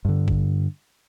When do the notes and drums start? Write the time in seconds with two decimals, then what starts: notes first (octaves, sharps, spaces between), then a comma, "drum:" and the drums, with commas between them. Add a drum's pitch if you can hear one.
0.05 G2 D3
0.28 drum: kick